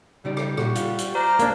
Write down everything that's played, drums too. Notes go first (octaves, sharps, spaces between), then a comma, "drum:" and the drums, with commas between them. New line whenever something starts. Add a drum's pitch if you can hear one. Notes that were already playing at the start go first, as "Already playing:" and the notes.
C#3 G3 D#4 D5
drum: rim click
A#2 F#4, drum: rim click
F4 G4 F5, drum: hi-hat
drum: hi-hat
C5 D5 A#5 F6
A#3 D4, drum: hi-hat